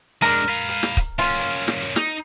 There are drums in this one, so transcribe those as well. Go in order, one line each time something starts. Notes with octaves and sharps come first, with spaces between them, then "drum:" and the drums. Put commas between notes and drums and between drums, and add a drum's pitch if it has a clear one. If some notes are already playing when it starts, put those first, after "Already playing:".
G#3 D4 A#4
B4 F5
drum: hi-hat
drum: snare
drum: kick, hi-hat
A#3 C#4 F4
drum: hi-hat
drum: snare
drum: hi-hat
D#4, drum: snare